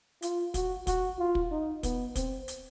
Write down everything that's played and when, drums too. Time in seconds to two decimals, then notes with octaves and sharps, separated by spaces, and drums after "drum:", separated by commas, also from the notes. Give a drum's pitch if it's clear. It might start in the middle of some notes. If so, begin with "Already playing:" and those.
0.22 F4, drum: hi-hat
0.54 F#4, drum: kick, hi-hat
0.87 F#4, drum: kick, hi-hat
1.19 F4
1.35 drum: kick
1.51 D#4
1.83 B3, drum: kick, hi-hat
2.16 C4, drum: kick, hi-hat
2.48 drum: hi-hat